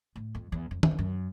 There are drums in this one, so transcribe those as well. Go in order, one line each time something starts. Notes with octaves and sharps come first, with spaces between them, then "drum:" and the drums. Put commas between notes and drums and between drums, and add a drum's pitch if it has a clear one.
A2
F2
E2
F2
E2, drum: tom D#3
F2
F#2